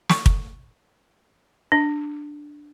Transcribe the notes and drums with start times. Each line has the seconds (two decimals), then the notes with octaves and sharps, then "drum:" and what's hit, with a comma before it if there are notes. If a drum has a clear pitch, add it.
0.09 C#6, drum: snare
0.26 drum: kick
1.72 D4